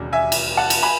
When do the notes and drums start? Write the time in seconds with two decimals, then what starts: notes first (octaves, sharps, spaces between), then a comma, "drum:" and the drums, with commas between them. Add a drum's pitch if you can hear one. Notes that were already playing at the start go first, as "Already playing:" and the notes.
Already playing: E1 D#2 C#3 F#3
0.13 E5 G#5
0.32 drum: cymbal
0.57 F#5 A5
0.70 drum: cymbal
0.83 G#5 B5